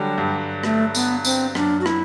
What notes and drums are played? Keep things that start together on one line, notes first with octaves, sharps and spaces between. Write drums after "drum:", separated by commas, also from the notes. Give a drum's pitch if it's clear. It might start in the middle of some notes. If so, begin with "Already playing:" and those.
Already playing: D3 F#3 G3
G2
A3, drum: rim click
B3, drum: tambourine
C4, drum: tambourine
F#2 D4, drum: rim click
F#4
E4, drum: rim click